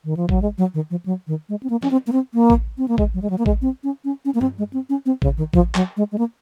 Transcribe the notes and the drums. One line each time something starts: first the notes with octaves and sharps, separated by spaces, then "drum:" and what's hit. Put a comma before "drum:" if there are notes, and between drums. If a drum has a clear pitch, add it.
D#3
F3
F#3, drum: kick A1
G#3
F#3
D#3
F3
F#3
D#3
G#3
C4
A#3
C#4, drum: snare
C4
A#3
C4
A#3
drum: kick A1
C4
A#3
G#3, drum: kick A1
F#3
G#3
F#3
A#3
G#3, drum: kick A1
C4
C#4
C#4
C#4
A#3
C4, drum: tom G2
G#3
C4
C#4
C4
C#3, drum: kick A1
D#3
F3, drum: kick A1
F#3, drum: clap
G#3
G#3
A#3